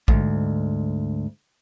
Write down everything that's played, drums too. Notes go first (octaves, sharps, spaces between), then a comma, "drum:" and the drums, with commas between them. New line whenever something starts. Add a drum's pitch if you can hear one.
D2 G#2, drum: kick